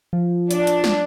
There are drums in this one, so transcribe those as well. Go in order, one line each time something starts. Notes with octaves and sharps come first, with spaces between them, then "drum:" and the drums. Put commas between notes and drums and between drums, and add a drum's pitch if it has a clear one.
F3
D4, drum: hi-hat
drum: hi-hat
drum: snare